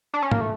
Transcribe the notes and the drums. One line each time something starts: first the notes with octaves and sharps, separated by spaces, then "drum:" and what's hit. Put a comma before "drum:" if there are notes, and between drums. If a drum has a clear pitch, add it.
D4
C#4
A#3, drum: tom
A3